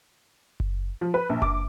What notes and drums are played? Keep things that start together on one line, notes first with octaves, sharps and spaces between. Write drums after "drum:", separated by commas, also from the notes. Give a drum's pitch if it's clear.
drum: kick F#1
F3
B4
A#1
D6, drum: kick F#1